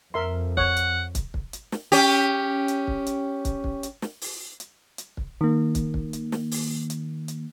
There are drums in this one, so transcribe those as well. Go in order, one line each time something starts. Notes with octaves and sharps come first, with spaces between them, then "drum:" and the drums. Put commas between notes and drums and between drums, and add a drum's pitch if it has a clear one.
F2 A#4 E5 C6
C#5 F#5, drum: kick
drum: hi-hat
drum: kick, hi-hat
drum: kick
drum: hi-hat
drum: snare
C#4 G4, drum: open hi-hat
drum: hi-hat
drum: kick
drum: hi-hat
drum: kick, hi-hat
drum: kick
drum: hi-hat
drum: snare
drum: open hi-hat
drum: hi-hat
drum: hi-hat
drum: kick
D#3 A#3
drum: kick, hi-hat
drum: kick
drum: hi-hat
drum: snare
drum: open hi-hat
drum: hi-hat
drum: hi-hat